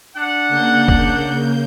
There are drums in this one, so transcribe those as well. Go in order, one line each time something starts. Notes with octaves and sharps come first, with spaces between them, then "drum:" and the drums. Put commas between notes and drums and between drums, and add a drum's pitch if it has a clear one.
D4 F#5
C#3 A#3 G6
drum: kick E1